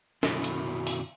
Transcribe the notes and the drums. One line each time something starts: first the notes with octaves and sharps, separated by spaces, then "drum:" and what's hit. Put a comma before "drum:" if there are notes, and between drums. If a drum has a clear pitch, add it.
F#2 B2 D#3 F#3 E4, drum: snare
drum: hi-hat
drum: open hi-hat